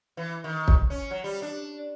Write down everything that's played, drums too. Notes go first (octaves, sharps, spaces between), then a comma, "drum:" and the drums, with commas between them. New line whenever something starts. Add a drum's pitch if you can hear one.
E3
D#3
drum: kick
C#4
F#3
G3
D4